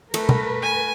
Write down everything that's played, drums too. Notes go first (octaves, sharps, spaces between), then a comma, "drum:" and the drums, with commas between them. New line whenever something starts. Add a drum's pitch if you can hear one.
A3 A#4 B4, drum: cymbal
drum: tom B2
G#5